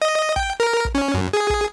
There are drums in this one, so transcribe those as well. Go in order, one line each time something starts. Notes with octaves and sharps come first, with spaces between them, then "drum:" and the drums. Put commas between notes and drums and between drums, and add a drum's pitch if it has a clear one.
D#5
G5, drum: kick
A#4
drum: kick
C#4
F#2
G#4
drum: kick